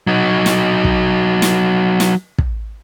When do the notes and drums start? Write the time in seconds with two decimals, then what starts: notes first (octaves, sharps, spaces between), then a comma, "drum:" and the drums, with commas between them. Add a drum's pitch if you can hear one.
0.07 F#3 D#4
0.46 drum: snare
0.84 drum: kick
1.42 drum: snare
2.00 drum: snare
2.38 drum: kick